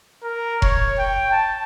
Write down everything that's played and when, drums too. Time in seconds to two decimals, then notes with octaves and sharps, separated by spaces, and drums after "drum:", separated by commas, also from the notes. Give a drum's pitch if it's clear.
0.23 A#4
0.62 C#5, drum: kick F1
0.99 G5
1.31 A5